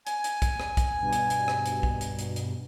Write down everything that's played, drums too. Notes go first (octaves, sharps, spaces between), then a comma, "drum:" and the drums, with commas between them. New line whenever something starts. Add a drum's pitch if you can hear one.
G#5, drum: hi-hat
drum: hi-hat
drum: kick, hi-hat
drum: rim click
drum: kick, hi-hat
G2 B2
drum: hi-hat
drum: hi-hat
drum: rim click
drum: hi-hat
drum: kick
drum: hi-hat
drum: hi-hat
drum: hi-hat